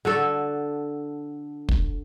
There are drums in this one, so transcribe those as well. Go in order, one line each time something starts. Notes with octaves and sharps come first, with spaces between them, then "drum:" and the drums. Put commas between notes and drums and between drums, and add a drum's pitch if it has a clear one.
D3 F#4 A4
drum: kick